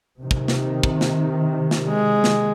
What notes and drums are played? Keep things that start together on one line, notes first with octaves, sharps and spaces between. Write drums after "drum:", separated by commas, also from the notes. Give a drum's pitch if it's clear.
C3 D#3
drum: kick
drum: snare
drum: kick
drum: snare
drum: snare
G#3
drum: snare